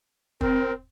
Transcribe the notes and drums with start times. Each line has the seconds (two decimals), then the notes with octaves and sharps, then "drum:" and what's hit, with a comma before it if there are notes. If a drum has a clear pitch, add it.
0.41 C4 A#4, drum: kick